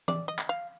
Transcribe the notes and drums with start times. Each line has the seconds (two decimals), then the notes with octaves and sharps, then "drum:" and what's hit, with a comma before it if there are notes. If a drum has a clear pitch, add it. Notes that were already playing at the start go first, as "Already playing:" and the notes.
0.08 D5, drum: tom
0.28 D#5
0.39 drum: clap
0.49 F5